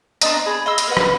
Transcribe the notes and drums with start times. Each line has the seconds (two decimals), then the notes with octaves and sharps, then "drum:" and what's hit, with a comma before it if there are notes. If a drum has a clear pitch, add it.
0.21 C4 D4 D#5 A#5, drum: hi-hat
0.46 G#4 B5
0.66 D#5 C6 E6
0.78 drum: hi-hat
0.88 A#4 B4 F#5
0.97 drum: rim click